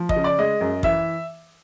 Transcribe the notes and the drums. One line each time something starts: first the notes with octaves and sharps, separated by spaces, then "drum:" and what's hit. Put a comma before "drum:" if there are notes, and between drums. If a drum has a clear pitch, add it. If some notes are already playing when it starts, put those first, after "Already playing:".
Already playing: F3
D#5, drum: kick
C#3
D5
G#3 D#5
F#2
E3 E5, drum: kick